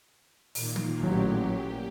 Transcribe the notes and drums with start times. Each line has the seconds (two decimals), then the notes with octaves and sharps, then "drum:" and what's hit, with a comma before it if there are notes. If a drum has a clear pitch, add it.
0.55 A#2 D#3 A#3, drum: open hi-hat
0.76 drum: tom D#3
0.99 A1 A#2 F#3 G4